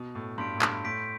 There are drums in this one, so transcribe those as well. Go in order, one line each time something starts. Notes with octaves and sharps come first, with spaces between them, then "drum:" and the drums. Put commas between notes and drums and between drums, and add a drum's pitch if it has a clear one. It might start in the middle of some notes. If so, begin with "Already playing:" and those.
Already playing: B2
A2
G2 C6 G6 B6 D7
A2
G2, drum: clap
A2 C6 G6 B6 D7